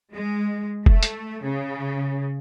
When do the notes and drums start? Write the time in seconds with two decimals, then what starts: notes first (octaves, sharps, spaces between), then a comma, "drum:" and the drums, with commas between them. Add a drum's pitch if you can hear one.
0.13 G#3
0.86 A3, drum: kick F1
1.03 drum: hi-hat
1.43 C#3